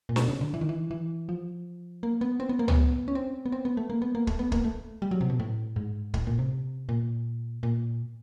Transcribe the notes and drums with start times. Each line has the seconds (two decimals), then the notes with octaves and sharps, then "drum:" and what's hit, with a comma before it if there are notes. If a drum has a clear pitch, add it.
0.09 A#2
0.16 B2, drum: snare
0.28 C#3
0.41 D3
0.54 E3
0.61 D#3
0.69 E3
0.91 E3
1.29 F3
2.03 A#3
2.21 B3
2.40 C4
2.49 B3
2.59 A#3
2.68 B3, drum: tom
3.08 C#4
3.15 C4
3.46 B3
3.52 C4
3.65 B3
3.77 A3
3.90 A#3
4.02 B3
4.15 A#3
4.27 A3, drum: kick
4.39 B3
4.52 A#3, drum: kick
4.65 A3
5.02 G3
5.11 F#3
5.21 C3
5.30 B2
5.39 A2
5.76 G#2
6.14 A2, drum: kick
6.27 A#2
6.39 C3
6.89 A#2
7.63 A#2